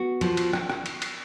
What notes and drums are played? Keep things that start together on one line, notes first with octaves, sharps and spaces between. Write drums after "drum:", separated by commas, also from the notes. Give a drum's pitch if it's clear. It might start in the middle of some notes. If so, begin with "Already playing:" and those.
Already playing: B3 F#4
F3, drum: cymbal
drum: cymbal
drum: rim click
drum: rim click
drum: cymbal
drum: cymbal